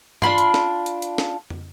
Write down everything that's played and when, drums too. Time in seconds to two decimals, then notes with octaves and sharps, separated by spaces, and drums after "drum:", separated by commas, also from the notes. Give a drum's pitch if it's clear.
0.22 D4 F4 B5 C6, drum: tom G2
0.38 drum: hi-hat
0.54 drum: snare
0.86 drum: hi-hat
1.02 drum: hi-hat
1.18 drum: snare
1.50 drum: tom